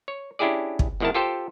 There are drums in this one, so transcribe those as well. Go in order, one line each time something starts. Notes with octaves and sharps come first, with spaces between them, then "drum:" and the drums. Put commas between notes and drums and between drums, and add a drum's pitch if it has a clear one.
C#5
C#4 D4 E4 G4 G#4 D5
drum: kick
G#1 E2 D#3 E4 A#4 A5
F4 G4 A4 C5 G5